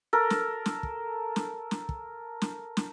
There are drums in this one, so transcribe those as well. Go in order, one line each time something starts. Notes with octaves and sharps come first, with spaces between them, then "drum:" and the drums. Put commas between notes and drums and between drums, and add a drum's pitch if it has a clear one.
A4 A#4
drum: snare
drum: snare
drum: kick
drum: snare
drum: snare
drum: kick
drum: snare
drum: snare